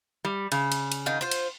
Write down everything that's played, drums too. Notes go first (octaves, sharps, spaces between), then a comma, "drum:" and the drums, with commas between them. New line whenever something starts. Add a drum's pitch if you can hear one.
G3
C#3, drum: cymbal
drum: cymbal
drum: cymbal
D#3 D#4 F5
F4 C5
drum: cymbal